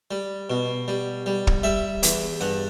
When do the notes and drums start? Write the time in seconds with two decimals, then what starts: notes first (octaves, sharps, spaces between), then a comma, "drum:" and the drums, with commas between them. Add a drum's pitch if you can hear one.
0.11 G3
0.50 B2
0.88 G3
1.26 G3
1.47 drum: kick
1.63 G3 E5
2.03 E2, drum: hi-hat
2.41 G2 F#5